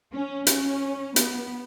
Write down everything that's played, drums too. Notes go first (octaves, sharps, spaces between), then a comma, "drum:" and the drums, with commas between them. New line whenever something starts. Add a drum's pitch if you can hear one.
C#4
C#4, drum: hi-hat
B3, drum: hi-hat